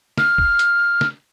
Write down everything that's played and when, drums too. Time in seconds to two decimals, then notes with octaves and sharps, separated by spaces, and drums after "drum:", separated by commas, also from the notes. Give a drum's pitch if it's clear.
0.18 F6, drum: snare
0.38 drum: kick F1
0.59 drum: hi-hat
1.01 drum: snare